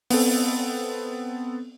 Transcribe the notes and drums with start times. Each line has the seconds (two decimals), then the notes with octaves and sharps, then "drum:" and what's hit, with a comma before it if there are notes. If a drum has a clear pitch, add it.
0.10 B3 C4 A4, drum: open hi-hat